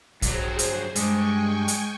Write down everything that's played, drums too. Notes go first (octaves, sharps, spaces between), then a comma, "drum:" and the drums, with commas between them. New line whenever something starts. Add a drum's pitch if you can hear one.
G2 F#3 G#4 C5, drum: kick A#1, hi-hat
drum: hi-hat
G2 G#3 G5 G#5 C#6, drum: hi-hat
drum: hi-hat